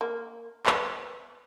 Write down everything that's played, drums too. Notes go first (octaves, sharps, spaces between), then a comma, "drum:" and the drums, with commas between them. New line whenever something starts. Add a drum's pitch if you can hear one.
A#3
B3, drum: clap